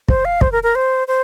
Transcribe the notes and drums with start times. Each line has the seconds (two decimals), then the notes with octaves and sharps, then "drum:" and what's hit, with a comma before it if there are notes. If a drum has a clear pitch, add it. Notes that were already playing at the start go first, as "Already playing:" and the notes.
0.08 C5, drum: kick
0.25 F5
0.41 C5, drum: kick
0.52 A#4
0.63 A#4
0.75 C5
1.08 C5